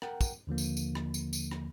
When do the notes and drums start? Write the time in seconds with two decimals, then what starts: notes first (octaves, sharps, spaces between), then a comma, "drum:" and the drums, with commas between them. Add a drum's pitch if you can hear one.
0.02 A#4 F#5 G5, drum: rim click
0.21 drum: kick, tambourine
0.47 D#2 D3 F3 A#3
0.58 drum: tambourine
0.77 drum: tambourine
0.95 drum: rim click
1.14 drum: tambourine
1.33 drum: tambourine
1.51 drum: rim click